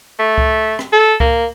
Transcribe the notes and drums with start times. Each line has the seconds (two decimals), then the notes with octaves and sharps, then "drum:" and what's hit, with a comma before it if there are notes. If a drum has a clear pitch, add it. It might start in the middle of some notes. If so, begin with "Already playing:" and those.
0.19 A3
0.38 drum: kick C#2
0.79 drum: rim click
0.93 A4
1.20 A#3, drum: kick C#2